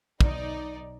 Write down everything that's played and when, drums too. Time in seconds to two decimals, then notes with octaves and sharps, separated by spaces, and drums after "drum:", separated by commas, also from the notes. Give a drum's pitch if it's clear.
0.21 B1 D#4 D5, drum: kick